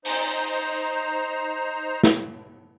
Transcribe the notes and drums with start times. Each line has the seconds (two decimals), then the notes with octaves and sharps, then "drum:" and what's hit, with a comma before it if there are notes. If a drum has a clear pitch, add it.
0.05 D#4 C5 A#5, drum: open hi-hat
2.03 drum: snare